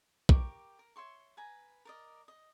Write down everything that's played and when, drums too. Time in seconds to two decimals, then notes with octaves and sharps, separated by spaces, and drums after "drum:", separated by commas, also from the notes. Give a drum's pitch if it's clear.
0.29 G4 A#4 C#6 D6, drum: kick
0.79 A#4
0.96 C#5 E5 C6 C#6
1.37 B4 G#5 A#5
1.85 A#4 D5 D#5
2.28 D#5